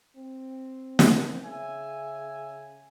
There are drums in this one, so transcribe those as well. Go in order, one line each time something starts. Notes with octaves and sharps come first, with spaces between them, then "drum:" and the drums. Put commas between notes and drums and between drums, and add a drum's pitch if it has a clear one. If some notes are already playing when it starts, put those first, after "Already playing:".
C4
drum: snare
C#3 E5 G#5